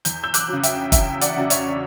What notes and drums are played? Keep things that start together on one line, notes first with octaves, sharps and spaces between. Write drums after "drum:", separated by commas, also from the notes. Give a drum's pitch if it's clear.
E2 G6, drum: hi-hat
E6 G6
D6 F#6, drum: hi-hat
C#3 F#3
E5 G5, drum: hi-hat
E2 E5 G5, drum: kick, hi-hat
D5 F#5, drum: hi-hat
C#3 F#3
C#5 E5, drum: hi-hat